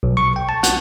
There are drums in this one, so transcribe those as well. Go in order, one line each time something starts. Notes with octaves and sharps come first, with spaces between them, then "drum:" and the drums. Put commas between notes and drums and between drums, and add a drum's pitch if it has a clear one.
B1
C#6
G5
A5
F#5, drum: hi-hat